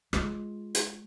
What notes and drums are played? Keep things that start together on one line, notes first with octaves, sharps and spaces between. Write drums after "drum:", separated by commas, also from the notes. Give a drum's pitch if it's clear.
G#3 F4, drum: rim click
drum: hi-hat